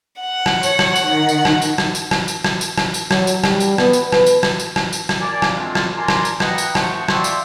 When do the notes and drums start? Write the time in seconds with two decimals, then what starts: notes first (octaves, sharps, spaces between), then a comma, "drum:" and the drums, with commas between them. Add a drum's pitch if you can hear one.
0.20 F#5
0.46 drum: rim click
0.63 C#5, drum: tambourine
0.79 drum: rim click
0.96 drum: tambourine
1.05 D#3
1.29 drum: tambourine
1.45 drum: rim click
1.62 drum: tambourine
1.78 drum: rim click
1.95 drum: tambourine
2.11 drum: rim click
2.28 drum: tambourine
2.44 drum: rim click
2.61 drum: tambourine
2.78 drum: rim click
2.94 drum: tambourine
3.11 F#3, drum: rim click
3.27 drum: tambourine
3.44 G3, drum: rim click
3.60 drum: tambourine
3.78 B3, drum: rim click
3.93 drum: tambourine
4.12 B4, drum: rim click
4.26 drum: tambourine
4.43 drum: rim click
4.60 drum: tambourine
4.76 drum: rim click
4.93 drum: tambourine
5.09 drum: rim click
5.20 A#3 D5 G#5
5.42 drum: rim click
5.55 G#3 A3 C4 D4 F4
5.75 drum: rim click
5.96 A#4 D5 G#5 A#5 C6
6.08 drum: rim click
6.25 drum: tambourine
6.40 A#3 B4 D#5 F#5 G5 A#5, drum: rim click
6.58 drum: tambourine
6.75 A3 C5 F#5 A5 C#6, drum: rim click
7.08 D5 E5 F5 G5 C6, drum: rim click
7.24 drum: tambourine